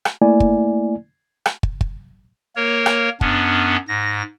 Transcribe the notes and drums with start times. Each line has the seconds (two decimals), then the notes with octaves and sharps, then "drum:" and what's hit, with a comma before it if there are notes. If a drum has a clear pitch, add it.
0.05 drum: rim click
0.22 A3 A#3 E4 D5 G#5
0.40 drum: kick
1.46 drum: rim click
1.63 drum: kick
1.81 drum: kick
2.56 A#3 A#4 C#5
2.86 drum: rim click
3.21 F#2 B3 C#4 D4, drum: kick
3.88 G#2 A#6